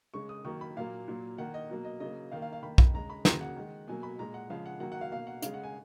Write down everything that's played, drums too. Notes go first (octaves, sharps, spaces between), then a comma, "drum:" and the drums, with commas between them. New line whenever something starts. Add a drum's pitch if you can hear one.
C#3 G#3 C#6
D#6
D#3 F#3 A#3 C#6
B5
A#2 F#3 A#3 F5
A#2 F#3 A#3
D#3 A#3 F#5
D#5
B2 F#3 A#3
D#5
C#3 F#3 A#3 D#5
D#3 A#3 F5
F5
F5
D#3 A#3 B5
B5, drum: kick B1
C#3 G#3 A#5
B5
C#3 F#3 A#3 A#5, drum: snare
F#5
D#3 G#3
B2 F#3 A#3 G#5
B5
A#2 G#3 A#5
F#5
C#3 F3 G#3 F5
F#5
D#3 F#3 A#3 F#5
F#5
F5
B2 A#3 F5
F#5
C#3 G#3 F5, drum: hi-hat
F#5
G#5